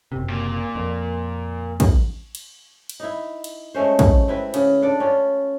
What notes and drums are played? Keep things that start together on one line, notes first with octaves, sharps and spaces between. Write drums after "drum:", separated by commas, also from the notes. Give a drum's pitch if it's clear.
F#1 C3
A#2
F2
drum: kick, cymbal
drum: cymbal
drum: cymbal
D#4 E4
drum: cymbal
G#3 A3 C#4 C5
drum: kick, cymbal
C4 E4 B4
C#3, drum: cymbal
D4 A4 D5
C#4 F4